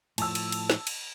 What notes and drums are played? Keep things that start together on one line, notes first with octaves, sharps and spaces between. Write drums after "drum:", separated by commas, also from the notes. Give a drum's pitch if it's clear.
A2 F3 A5 E6, drum: cymbal
drum: cymbal
drum: cymbal
drum: snare
drum: cymbal